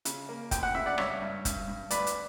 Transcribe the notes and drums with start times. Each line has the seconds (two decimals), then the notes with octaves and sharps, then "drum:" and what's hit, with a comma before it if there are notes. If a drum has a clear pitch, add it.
0.05 C#3, drum: hi-hat
0.29 A#3
0.51 D2 G5, drum: kick F1, hi-hat
0.63 F#5
0.75 C#3 E5
0.86 D5 F#5
0.98 G2 C#5 E5, drum: rim click
1.21 G2
1.45 G2, drum: kick F1, hi-hat
1.68 G2
1.91 D2 B4 D5, drum: hi-hat
2.07 drum: hi-hat